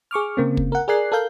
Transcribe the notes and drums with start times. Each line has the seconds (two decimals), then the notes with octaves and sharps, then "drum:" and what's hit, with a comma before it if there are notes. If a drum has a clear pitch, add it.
0.11 G#4 C#6 D6 F6
0.37 C#3 A#3 C4
0.57 drum: kick
0.72 A#4 F#5
0.88 G#4 A#4 D5 G#5 F#6 C7
1.12 A4 A#4 F5 G6